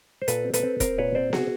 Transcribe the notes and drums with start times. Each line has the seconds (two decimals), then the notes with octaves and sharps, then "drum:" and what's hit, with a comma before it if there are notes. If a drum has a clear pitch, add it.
0.22 C5
0.28 A#2 A4 B4, drum: hi-hat
0.45 C4
0.54 A4 B4, drum: hi-hat
0.63 C4
0.80 C4 A#4 C5, drum: kick E1, hi-hat
0.98 A#2 B4 C#5
1.15 C4 C5 D5
1.33 C4 F#4 G#4, drum: snare B3